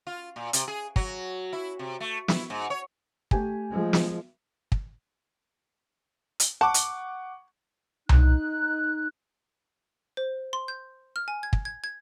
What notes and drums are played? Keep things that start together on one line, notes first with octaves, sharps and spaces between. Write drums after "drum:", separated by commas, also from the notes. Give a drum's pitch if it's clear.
F4
A#2
C3, drum: hi-hat
G#4
F#3, drum: kick
E4
C3
A3
E4, drum: snare
G#2
C#5
A3 G4 G#5, drum: kick
F3 G#3
drum: snare
drum: kick
drum: hi-hat
F#5 A5 C#6 D6
drum: hi-hat
D#4 F#6, drum: tom C2
C5
C6
G6
F6
G#5
G#6
drum: kick
G#6
G#6